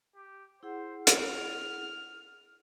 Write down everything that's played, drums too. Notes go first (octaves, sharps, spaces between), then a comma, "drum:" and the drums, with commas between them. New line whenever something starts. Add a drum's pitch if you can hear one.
G4
E4 G#4 C5 F#5
F6, drum: hi-hat